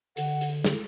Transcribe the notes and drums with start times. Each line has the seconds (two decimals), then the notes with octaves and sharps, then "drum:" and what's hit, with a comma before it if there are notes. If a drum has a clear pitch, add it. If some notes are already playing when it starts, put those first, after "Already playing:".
0.17 D3 F#5, drum: hi-hat
0.41 drum: hi-hat
0.64 drum: snare